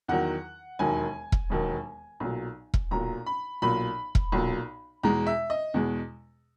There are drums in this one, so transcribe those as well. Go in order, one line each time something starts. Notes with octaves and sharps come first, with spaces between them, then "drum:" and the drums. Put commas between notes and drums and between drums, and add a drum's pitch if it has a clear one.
E2 D#3 F#3 F#5
E1 D#2 D#3 F#3 G#5
drum: kick E1
E1 D#2 D#3 F#3
B1 A#2 F#3
drum: kick E1
B1 A#2 F#3 A#5
B5
B1 A#2 F#3 B5
drum: kick E1
B1 A#2 F#3
E2 B2 G#3 A#5
E5
D#5
E2 B2 G#3